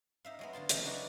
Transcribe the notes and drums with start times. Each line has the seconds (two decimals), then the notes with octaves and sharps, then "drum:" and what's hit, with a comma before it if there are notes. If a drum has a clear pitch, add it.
0.25 D#4 E5 F5
0.39 F#3 G#3 B3
0.53 D3 F4 A5 C6
0.69 C#3 E3 F#3, drum: hi-hat
0.85 D4 D#4 F#4 A#4 B4 D5